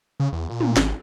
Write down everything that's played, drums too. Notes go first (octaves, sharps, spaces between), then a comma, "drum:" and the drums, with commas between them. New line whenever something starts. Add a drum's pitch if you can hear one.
C#3
E2
A#2
drum: tom
G#1, drum: snare